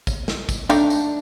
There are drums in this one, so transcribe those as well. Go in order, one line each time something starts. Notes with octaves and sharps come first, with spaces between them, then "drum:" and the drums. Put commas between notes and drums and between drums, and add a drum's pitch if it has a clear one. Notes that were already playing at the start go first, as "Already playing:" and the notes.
drum: kick, tambourine
drum: snare
drum: kick, tambourine
A3 D4 D#4 G4, drum: tambourine
drum: tambourine